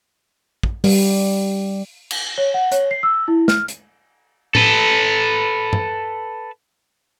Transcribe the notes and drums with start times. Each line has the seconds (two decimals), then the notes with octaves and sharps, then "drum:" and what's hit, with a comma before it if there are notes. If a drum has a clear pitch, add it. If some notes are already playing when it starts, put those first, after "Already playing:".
0.63 drum: kick
0.84 G3, drum: open hi-hat
2.11 drum: cymbal
2.38 C#5
2.54 F#5
2.72 C#5, drum: hi-hat
2.91 C7
3.03 E6
3.28 E4
3.48 F6, drum: snare
3.68 drum: hi-hat
4.55 A4 B4, drum: tom A2
5.73 drum: tom G2